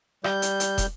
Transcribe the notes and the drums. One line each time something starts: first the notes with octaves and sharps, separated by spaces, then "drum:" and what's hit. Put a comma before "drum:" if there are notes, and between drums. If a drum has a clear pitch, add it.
G3 G6, drum: rim click
drum: hi-hat
drum: hi-hat
drum: kick, hi-hat